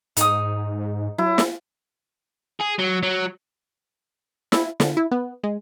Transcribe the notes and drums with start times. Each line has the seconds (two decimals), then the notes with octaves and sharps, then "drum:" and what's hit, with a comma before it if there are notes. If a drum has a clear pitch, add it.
0.17 G#2 D#4 D#6, drum: hi-hat
1.18 F#3 E4
1.38 drum: snare
2.61 G#4
2.79 F#3
3.03 F#3
4.52 E4, drum: snare
4.80 D3, drum: snare
4.97 E4
5.11 B3
5.43 G#3